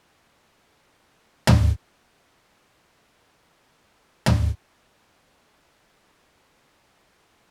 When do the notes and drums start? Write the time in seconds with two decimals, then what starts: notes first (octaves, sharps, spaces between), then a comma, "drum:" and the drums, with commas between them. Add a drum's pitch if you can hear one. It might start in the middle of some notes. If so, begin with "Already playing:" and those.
0.11 G#4 C#5 D5 G#5 B5
1.47 drum: tom
2.00 C#4 E4 D5 E5
4.26 drum: tom
6.27 D#5 B5
6.89 B4 F#5 G5 A#5 C6 D6 E6